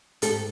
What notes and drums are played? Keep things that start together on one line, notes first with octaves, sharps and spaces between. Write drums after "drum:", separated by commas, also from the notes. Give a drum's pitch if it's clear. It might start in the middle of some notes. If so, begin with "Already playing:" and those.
G#2 G4 A4, drum: hi-hat